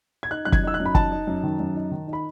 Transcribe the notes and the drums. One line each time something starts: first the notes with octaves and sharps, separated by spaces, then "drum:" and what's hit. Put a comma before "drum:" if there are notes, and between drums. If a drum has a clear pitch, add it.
G#6
D#4 F#6
F#2 F#6
G#6, drum: kick
D#4 E6
F#6
F#2
B5
D#4 A5, drum: kick
D#4
F#2
D#3
F#2
D#4
D#3
D#4
B5